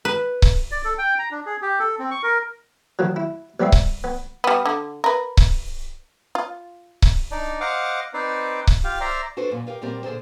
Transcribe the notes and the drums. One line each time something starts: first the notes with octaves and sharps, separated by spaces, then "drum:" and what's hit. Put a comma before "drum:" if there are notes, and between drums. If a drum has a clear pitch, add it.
B4
drum: kick C#1
D5
A4
G5
A#5
D4
G#4
G4
A4
C4
C#6
A#4
D#3 F3 F#3
E4
A#1 G3 B3 C4 E5
drum: kick C#1
B3
G3 B3
D3
A#4 B4
drum: kick C#1
F4
drum: kick C#1
D4 D#4 D5
C5 D#5 F5 F#5 D6
C4 D#4 B4 C5 D5
drum: kick C#1
F4 G4 F5
C5 D5 E5 A#5
D4 F#4 A4 B4 C5
F#2 A#2
G4 A#4 B4 F5
A#2 F#3 G3 C4 G4 A#4
A#2 D3 G#4 A4 C5